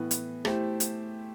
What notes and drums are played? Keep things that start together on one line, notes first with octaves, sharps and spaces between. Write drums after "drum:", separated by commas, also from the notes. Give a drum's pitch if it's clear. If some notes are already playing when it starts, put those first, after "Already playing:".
Already playing: A2 E3 B3
drum: hi-hat
A3 E4 G4 C5, drum: rim click
drum: hi-hat